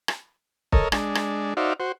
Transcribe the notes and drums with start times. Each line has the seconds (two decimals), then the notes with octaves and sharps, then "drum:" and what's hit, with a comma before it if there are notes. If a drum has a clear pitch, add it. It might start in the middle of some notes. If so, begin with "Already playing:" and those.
0.08 drum: rim click
0.72 A4 A#4 C#5 D#5, drum: kick
0.92 G#3 D4, drum: rim click
1.15 drum: rim click
1.57 D#4 F#4 C5 D5 E5 F5
1.80 F#4 C5